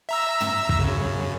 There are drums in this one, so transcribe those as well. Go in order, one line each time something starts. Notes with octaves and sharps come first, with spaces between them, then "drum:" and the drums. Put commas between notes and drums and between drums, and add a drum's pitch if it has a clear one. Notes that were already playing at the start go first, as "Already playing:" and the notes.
E5 A#5 E6
drum: tom
drum: kick
F#2 C#3